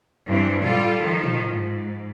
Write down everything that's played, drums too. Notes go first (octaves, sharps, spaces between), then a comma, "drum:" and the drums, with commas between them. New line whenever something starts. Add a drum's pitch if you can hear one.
G2 E3 C4
G3 F4 A4, drum: tom A2
D#3 F3
drum: tom A2
G#2